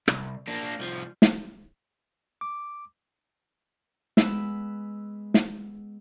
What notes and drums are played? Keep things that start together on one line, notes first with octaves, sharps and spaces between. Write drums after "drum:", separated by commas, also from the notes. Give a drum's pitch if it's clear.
C2, drum: rim click
A#3 D4
C2 F3
drum: snare
D6
G#3 B3 B5 E6, drum: snare
drum: snare